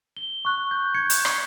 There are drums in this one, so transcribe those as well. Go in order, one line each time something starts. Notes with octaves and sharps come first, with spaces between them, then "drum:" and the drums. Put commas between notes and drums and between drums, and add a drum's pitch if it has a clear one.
G7
C#6 F#6
G6
G6 G#6 C#7
drum: hi-hat
drum: rim click